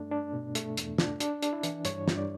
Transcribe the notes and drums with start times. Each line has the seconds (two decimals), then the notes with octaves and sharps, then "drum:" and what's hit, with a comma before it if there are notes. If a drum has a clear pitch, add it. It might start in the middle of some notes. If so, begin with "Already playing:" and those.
Already playing: G2 A3 D4
0.11 D4
0.33 B2
0.55 A3, drum: hi-hat
0.77 E2, drum: hi-hat
0.98 D4, drum: snare
1.20 D4, drum: hi-hat
1.43 D4, drum: hi-hat
1.53 E4
1.63 E3, drum: hi-hat
1.85 G2 C#5, drum: hi-hat
2.08 G2, drum: snare
2.17 D5